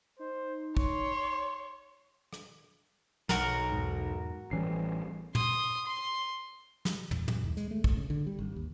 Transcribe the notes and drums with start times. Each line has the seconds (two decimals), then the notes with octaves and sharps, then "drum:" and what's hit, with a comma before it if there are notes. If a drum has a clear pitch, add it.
0.19 D#4 C5
0.77 C#5 C6, drum: kick
2.33 drum: rim click
3.29 B1 F#4 A#4, drum: snare
3.72 E2 G#2
4.51 A1 E3 G3 C#4 C7
5.35 C6 D#6, drum: tom
5.86 C6
6.85 drum: snare
7.11 E2, drum: tom
7.28 F#2, drum: tom
7.44 D#2
7.57 G#3, drum: hi-hat
7.71 A3
7.84 A2, drum: kick
7.97 C#3
8.10 D3
8.27 G3
8.38 G#1
8.56 D#2